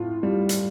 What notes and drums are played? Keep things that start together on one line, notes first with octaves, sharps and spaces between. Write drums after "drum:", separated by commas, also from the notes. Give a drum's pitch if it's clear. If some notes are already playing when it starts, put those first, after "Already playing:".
Already playing: A2 F4
G3
drum: hi-hat